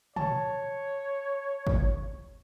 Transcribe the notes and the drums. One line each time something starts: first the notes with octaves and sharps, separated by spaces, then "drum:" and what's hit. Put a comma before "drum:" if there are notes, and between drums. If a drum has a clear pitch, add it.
C#5 A5, drum: tom
drum: kick